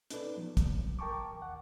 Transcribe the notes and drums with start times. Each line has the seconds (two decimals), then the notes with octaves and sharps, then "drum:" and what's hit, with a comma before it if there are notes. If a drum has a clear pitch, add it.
0.10 C#4 D#4 A4 B4 D5, drum: hi-hat
0.36 F3 F#3 B3
0.57 drum: kick, hi-hat
0.99 A#4 G5 A5 C#6 D6
1.38 D#2 F#5